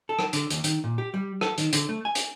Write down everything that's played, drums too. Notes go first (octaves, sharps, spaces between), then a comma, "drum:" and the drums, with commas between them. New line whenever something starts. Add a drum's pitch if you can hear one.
A4
drum: rim click
D3, drum: hi-hat
D#2, drum: hi-hat
D#3, drum: hi-hat
A#2
G4
G3
A4, drum: rim click
D#3, drum: hi-hat
D3, drum: hi-hat
A3
G#5
drum: hi-hat